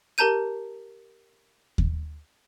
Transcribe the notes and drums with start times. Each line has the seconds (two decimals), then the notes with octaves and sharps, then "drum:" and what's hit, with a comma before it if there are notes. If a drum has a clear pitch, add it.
0.18 G4 A#4 A5 A#5 G6 D#7
1.78 drum: kick D#2